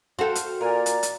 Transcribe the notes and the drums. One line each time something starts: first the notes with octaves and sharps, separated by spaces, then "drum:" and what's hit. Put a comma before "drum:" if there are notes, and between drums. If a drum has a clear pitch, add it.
F#4 A4 C5 F5 G5
drum: hi-hat
A#2 A#4 D5 G#5
drum: hi-hat
drum: hi-hat